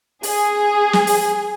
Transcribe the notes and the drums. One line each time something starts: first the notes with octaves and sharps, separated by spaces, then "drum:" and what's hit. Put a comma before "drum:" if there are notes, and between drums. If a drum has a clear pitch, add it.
G#4, drum: open hi-hat
drum: snare
drum: open hi-hat